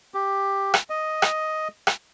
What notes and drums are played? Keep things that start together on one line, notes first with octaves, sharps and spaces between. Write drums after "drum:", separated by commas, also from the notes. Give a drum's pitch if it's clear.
G4
drum: rim click
D#5
drum: rim click
drum: rim click